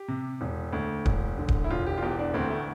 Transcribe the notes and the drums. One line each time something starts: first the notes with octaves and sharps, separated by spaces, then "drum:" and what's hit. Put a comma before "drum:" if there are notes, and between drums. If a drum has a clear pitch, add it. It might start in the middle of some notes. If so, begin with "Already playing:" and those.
Already playing: G4
C3
E1
D2
E1, drum: kick D1
D3
drum: kick D1
E4
E1 F4
G4
F4
E2 G4
D4
D2 C4
A3